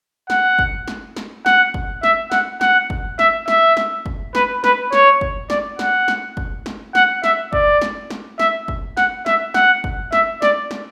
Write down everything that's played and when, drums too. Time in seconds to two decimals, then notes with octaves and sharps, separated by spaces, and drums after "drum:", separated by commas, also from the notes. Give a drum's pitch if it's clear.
0.30 F#5, drum: snare
0.59 drum: kick
0.88 drum: snare
1.16 drum: snare
1.46 F#5, drum: snare
1.74 drum: kick
2.03 E5, drum: snare
2.32 F#5, drum: snare
2.61 F#5, drum: snare
2.90 drum: kick
3.19 E5, drum: snare
3.48 E5, drum: snare
3.77 drum: snare
4.06 drum: kick
4.35 B4, drum: snare
4.64 B4, drum: snare
4.93 C#5, drum: snare
5.21 drum: kick
5.50 D5, drum: snare
5.79 F#5, drum: snare
6.08 drum: snare
6.37 drum: kick
6.66 drum: snare
6.95 F#5, drum: snare
7.24 E5, drum: snare
7.53 D5, drum: kick
7.82 drum: snare
8.10 drum: snare
8.39 E5, drum: snare
8.68 drum: kick
8.97 F#5, drum: snare
9.26 E5, drum: snare
9.54 F#5, drum: snare
9.84 drum: kick
10.12 E5, drum: snare
10.42 D5, drum: snare
10.71 drum: snare